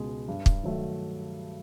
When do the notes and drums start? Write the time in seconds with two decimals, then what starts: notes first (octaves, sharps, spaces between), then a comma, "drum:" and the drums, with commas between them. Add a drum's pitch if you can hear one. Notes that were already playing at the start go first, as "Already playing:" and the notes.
Already playing: C#2 B2 G#3
0.28 G2
0.46 drum: kick
0.63 D#3 F#3 A3